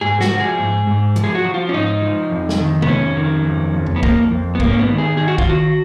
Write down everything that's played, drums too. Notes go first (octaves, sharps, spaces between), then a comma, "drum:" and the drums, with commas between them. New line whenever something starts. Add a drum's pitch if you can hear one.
G#2 G#4
F#4, drum: snare
F3
G#4
G#2
G#2
F3, drum: hi-hat
G#4
F#4
F3
F4
C#4
G#2 D#4
F3
F2
drum: snare
D#3
B3, drum: tom
F2 C#4
D#3
F2
F2
drum: tom E2
B3
F2 A#3, drum: kick
F2
B3
G#2 A#3, drum: kick
C#4
B3
D#3
G#4
D#3 G#4
F#4
F4, drum: kick
D#3 F#4